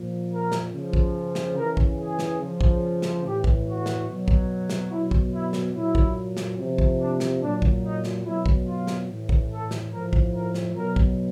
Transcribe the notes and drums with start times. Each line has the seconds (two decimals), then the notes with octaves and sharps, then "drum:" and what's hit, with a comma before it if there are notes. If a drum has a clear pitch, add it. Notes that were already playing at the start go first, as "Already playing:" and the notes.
Already playing: A#2 F3
0.30 A#4
0.52 drum: snare
0.73 C#3 F3
0.93 drum: kick
1.35 drum: snare
1.56 C#3 E3 A#4
1.77 drum: kick
1.97 G#4
2.19 drum: snare
2.39 C#3 F3
2.61 drum: kick
3.02 drum: snare
3.24 A2 E3 G4
3.44 drum: kick
3.65 F#4
3.86 drum: snare
4.07 B2 F#3
4.28 drum: kick
4.70 drum: snare
4.90 B2 F#3 E4
5.11 drum: kick
5.32 E4
5.53 drum: snare
5.73 A#2 F#3 E4
5.95 drum: kick
6.37 drum: snare
6.57 C3 F3
6.78 drum: kick
6.99 D4
7.20 drum: snare
7.41 A#2 F#3 D4
7.62 drum: kick
7.83 D#4
8.04 drum: snare
8.24 B2 F#3 E4
8.46 drum: kick
8.66 F4
8.87 drum: snare
9.08 A2 E3
9.29 drum: kick
9.51 A4
9.71 drum: snare
9.92 A2 F3 A#4
10.13 drum: kick
10.34 A#4
10.55 drum: snare
10.75 B2 F#3 A#4
10.96 drum: kick